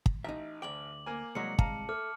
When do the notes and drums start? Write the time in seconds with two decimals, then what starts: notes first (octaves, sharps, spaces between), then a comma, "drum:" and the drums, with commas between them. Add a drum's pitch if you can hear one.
0.06 drum: kick
0.24 A1 D#4 E5 A#5
0.62 D2 G5 D6 F#7
1.06 A#3 A#4 G#5
1.35 C2 F#3 G#3 A#3 C#7
1.59 F5 A5 A#5, drum: kick
1.89 A3 D6 F6